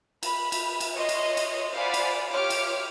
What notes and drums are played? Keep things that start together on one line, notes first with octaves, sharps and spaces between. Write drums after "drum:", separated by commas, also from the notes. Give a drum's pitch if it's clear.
B5, drum: cymbal
drum: cymbal
drum: cymbal
C#5 D#5 C6
drum: cymbal
drum: cymbal
C5 D5 F5 F#5 G#5 B5
drum: cymbal
F4 G4 C#5 D6 F6
drum: cymbal